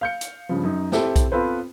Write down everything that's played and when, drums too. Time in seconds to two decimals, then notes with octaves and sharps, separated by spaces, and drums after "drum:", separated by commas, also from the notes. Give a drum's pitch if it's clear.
0.01 F5 G6 C#7
0.21 drum: hi-hat
0.49 G2 C#3 F3
0.63 F#2 D#4
0.92 C4 E4 G4 A4, drum: snare
1.16 drum: kick B1, hi-hat
1.32 B3 C4 F4 A4 B4 C5